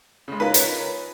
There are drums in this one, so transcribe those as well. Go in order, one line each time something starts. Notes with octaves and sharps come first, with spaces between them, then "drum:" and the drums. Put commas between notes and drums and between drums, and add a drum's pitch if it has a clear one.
C#3 G#3
C#4 D#4 F4 A#4 B4
drum: hi-hat